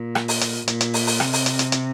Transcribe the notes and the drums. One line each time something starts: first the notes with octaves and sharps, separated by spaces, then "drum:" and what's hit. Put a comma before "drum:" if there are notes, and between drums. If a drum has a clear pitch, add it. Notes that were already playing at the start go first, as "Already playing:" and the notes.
Already playing: A#2
drum: rim click
drum: open hi-hat
drum: hi-hat
A#2, drum: hi-hat
drum: hi-hat
drum: open hi-hat
drum: open hi-hat
C3, drum: rim click
drum: open hi-hat
drum: hi-hat
drum: hi-hat
drum: hi-hat